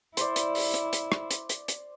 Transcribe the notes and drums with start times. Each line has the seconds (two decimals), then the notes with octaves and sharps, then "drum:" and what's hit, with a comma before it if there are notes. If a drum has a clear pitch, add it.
0.17 E4 C5 D5, drum: hi-hat
0.36 drum: hi-hat
0.55 drum: open hi-hat
0.74 drum: hi-hat
0.93 drum: hi-hat
1.12 drum: rim click
1.31 drum: hi-hat
1.49 drum: hi-hat
1.68 drum: hi-hat